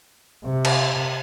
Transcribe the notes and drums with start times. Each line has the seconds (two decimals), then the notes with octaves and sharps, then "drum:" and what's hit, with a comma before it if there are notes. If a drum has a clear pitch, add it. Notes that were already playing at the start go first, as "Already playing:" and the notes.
0.44 C3
0.65 drum: cymbal